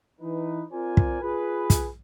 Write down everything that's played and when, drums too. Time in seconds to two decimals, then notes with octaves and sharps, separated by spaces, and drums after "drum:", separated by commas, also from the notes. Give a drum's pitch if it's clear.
0.21 E3 D#4 B4
0.71 C4 F4 A#4 C5 D5 G#5
0.97 drum: kick
1.21 F4 G#4 B4
1.70 drum: kick, hi-hat